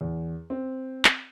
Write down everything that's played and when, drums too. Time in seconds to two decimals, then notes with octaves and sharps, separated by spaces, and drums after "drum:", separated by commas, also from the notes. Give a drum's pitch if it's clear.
0.01 E2
0.50 C4
1.05 drum: clap